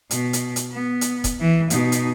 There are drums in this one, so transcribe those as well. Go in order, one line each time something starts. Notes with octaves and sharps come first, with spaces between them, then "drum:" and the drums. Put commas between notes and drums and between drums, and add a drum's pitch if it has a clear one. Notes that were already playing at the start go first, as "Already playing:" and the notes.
B2, drum: hi-hat
drum: hi-hat
drum: hi-hat
B3
drum: hi-hat
drum: kick E1, hi-hat
E3
B2 D#4, drum: hi-hat
drum: hi-hat